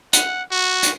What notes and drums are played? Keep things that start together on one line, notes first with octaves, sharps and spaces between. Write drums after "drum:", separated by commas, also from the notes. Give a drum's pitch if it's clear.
F#5, drum: hi-hat
F#4
drum: hi-hat